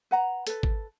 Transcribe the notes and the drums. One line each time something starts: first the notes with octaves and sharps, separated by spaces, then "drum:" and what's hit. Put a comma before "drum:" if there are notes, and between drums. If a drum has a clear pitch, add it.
B4 F#5 A#5
A4 B4, drum: hi-hat
drum: kick G#1